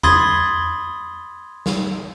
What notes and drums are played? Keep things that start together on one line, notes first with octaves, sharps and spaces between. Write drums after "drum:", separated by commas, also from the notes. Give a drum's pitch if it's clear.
B5 C6 D#6 G#6 A6, drum: tom E2
drum: snare